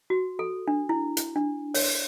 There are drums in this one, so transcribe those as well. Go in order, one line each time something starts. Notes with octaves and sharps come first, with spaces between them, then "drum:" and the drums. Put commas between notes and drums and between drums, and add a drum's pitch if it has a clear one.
F#4
A4
D4
E4
drum: hi-hat
D4
C#5, drum: open hi-hat